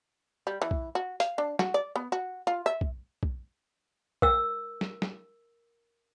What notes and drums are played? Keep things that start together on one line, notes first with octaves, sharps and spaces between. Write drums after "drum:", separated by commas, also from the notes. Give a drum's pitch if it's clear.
G3
E3
drum: kick
F#4
F5, drum: hi-hat
D4
F#4, drum: snare
D5
B3
F#4
F4
E5
drum: kick
drum: kick
A#4 E6, drum: kick
drum: snare
drum: snare